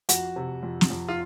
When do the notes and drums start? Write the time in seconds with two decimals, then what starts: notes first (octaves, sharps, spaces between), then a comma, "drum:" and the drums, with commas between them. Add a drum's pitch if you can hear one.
0.09 F2 F#4, drum: hi-hat
0.36 C3
0.63 F2
0.81 drum: snare
0.90 F2
1.08 F4